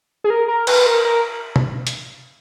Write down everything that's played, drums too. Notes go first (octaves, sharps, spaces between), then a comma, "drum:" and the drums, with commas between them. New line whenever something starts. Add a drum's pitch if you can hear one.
G#4
A#4
A#4
B4, drum: cymbal
A#4
A#4
drum: tom
drum: hi-hat